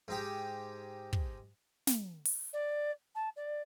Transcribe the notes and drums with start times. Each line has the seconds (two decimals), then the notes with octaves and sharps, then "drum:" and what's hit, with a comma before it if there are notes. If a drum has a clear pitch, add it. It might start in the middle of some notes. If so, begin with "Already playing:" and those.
0.08 G#2 D#4 G4
1.13 drum: kick
1.87 drum: snare
2.25 drum: open hi-hat
2.53 D5
3.15 A5
3.36 D5